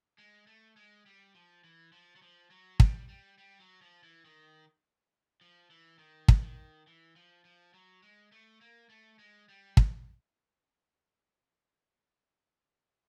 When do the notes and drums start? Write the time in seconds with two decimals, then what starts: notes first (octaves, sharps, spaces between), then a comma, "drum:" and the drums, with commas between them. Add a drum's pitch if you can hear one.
0.18 G#3
0.47 A3
0.76 G#3
1.06 G3
1.34 F3
1.64 E3
1.92 F3
2.16 F#3
2.22 F3
2.50 F#3
2.80 G3, drum: kick
3.08 G3
3.38 G3
3.60 F#3
3.82 F3
4.03 E3
4.25 D#3
5.41 F3
5.70 E3
5.99 D#3
6.28 drum: kick
6.43 D#3
6.87 E3
7.16 F3
7.45 F3
7.74 F#3
8.02 G#3
8.32 A3
8.61 A#3
8.90 A3
9.19 G#3
9.49 G3
9.77 drum: kick